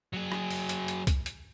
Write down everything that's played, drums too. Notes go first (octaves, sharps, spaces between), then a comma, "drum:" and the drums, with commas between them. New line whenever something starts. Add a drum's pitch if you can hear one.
F#3 G#4
drum: rim click
drum: open hi-hat
drum: hi-hat
drum: hi-hat
drum: kick, hi-hat
drum: hi-hat